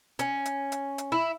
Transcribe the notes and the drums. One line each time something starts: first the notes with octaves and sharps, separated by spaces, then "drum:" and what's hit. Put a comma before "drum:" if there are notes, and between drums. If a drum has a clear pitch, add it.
C#4, drum: hi-hat
drum: hi-hat
drum: hi-hat
drum: hi-hat
E4